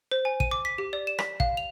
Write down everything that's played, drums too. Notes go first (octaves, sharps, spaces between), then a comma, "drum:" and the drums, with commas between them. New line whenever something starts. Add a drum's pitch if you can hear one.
C5
G#5
D#7, drum: kick
D6
B6
G4
D5
E7
B6, drum: rim click
F5, drum: kick
F7